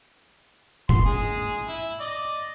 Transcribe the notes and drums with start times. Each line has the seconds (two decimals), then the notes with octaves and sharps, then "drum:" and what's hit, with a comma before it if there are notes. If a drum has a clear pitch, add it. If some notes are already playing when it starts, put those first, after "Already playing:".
0.89 C6, drum: kick F1
1.05 G#3 G#4
1.68 E4
2.00 D5 D#5